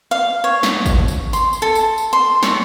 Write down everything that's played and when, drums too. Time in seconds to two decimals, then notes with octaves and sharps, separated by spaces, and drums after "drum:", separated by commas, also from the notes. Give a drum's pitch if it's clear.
0.11 F5
0.44 C#5
0.63 drum: snare
0.86 drum: kick, tambourine
1.08 drum: tambourine
1.33 C6, drum: tambourine
1.53 drum: tambourine
1.62 A4
1.75 drum: tambourine
1.98 drum: tambourine
2.13 C6
2.43 C#5, drum: snare